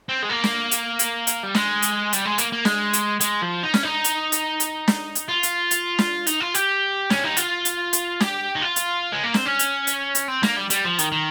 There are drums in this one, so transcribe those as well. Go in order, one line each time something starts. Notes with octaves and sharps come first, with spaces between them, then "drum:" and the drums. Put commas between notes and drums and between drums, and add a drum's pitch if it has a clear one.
C4
G#3
A#3
drum: snare
drum: hi-hat
drum: hi-hat
drum: hi-hat
G3
G#3, drum: snare
drum: hi-hat
G3, drum: hi-hat
G#3
A#3, drum: hi-hat
A#3
G#3, drum: snare
drum: hi-hat
G#3, drum: hi-hat
F3
D#4
C#4, drum: snare
D#4
drum: hi-hat
drum: hi-hat
drum: hi-hat
drum: snare
drum: hi-hat
F4
drum: hi-hat
drum: hi-hat
drum: snare
D#4, drum: hi-hat
F4
G4, drum: hi-hat
C#4, drum: snare
D#4
F4, drum: hi-hat
drum: hi-hat
drum: hi-hat
G4, drum: snare
D#4
F4
drum: hi-hat
G#3
A#3
C4, drum: snare
C#4
drum: hi-hat
drum: hi-hat
drum: hi-hat
C4
A#3, drum: snare
G3
G3, drum: hi-hat
F3
D#3, drum: hi-hat
D#3